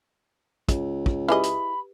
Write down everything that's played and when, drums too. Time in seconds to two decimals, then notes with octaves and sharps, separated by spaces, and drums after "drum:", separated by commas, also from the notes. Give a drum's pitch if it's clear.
0.69 C#2, drum: kick, hi-hat
1.06 drum: kick
1.28 E4 G4 G#4 B4 D#5 B5
1.43 drum: hi-hat